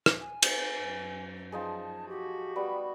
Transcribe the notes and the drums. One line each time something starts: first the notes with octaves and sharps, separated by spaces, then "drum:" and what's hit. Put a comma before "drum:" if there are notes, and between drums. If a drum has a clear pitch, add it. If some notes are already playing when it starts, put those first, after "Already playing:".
drum: rim click
G#5
drum: cymbal
F#2
F3 D#4 G#4 A5
F#4 G4
G3 B3